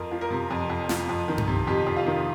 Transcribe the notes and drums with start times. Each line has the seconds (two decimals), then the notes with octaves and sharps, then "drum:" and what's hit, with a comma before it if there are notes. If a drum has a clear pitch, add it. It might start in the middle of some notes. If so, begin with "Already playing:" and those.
Already playing: F2 F3 A#4
0.11 F3
0.21 A#4
0.31 C3
0.50 F2
0.70 F2
0.89 F3, drum: snare
1.09 F2
1.28 D#3
1.38 drum: tom G2
1.47 C3
1.67 F2 G4
1.86 F2
1.96 F4
2.06 D#3